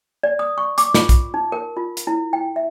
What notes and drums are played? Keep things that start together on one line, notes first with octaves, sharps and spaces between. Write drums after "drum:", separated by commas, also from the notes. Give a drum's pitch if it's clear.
D5
D#6
C#6
D6, drum: hi-hat
F4, drum: snare
drum: kick, hi-hat
D#4
A#4
F4
drum: hi-hat
E4
G5
E5